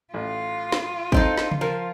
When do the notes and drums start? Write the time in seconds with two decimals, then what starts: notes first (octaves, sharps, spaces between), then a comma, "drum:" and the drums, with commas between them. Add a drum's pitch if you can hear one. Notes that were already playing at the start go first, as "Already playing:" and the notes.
0.14 A1 F4
0.72 drum: snare
1.12 C4 D#4 A4, drum: kick
1.38 drum: snare
1.51 drum: tom C#3
1.61 F3 A#4